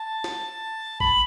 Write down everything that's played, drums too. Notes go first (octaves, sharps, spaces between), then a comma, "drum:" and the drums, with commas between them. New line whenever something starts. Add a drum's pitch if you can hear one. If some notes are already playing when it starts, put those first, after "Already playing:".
Already playing: A5
drum: snare
B5, drum: kick